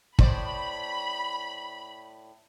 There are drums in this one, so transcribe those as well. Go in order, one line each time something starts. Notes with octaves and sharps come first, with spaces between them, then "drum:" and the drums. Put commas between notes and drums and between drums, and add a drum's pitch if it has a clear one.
A2 C5 D5 B5, drum: kick